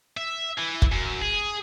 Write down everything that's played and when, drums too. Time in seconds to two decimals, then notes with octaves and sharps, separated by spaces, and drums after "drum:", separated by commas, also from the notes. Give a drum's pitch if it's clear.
0.17 E5
0.58 E3
0.82 drum: kick
0.92 F#2
1.21 G#4